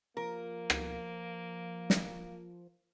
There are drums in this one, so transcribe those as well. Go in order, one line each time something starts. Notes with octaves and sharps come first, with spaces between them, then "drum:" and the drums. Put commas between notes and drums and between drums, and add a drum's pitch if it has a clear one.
F3 A#3 A#4
drum: rim click
drum: snare